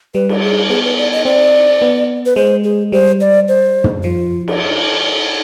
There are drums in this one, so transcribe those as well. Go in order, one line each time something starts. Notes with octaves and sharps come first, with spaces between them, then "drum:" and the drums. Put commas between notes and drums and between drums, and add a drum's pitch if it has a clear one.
G3 B4
drum: cymbal
G#4
B3 G#4
B4
D5
D#5
C4 D5
B3
B4
G#3 C5
G#4
G3 C5
D5
C5
drum: tom
F3 F4
drum: cymbal